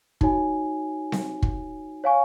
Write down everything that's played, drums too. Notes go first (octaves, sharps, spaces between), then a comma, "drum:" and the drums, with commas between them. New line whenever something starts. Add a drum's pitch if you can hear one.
D#4 F#4 C#5 G#5, drum: kick
drum: snare C4
drum: kick
C#5 F5 G#5 C#6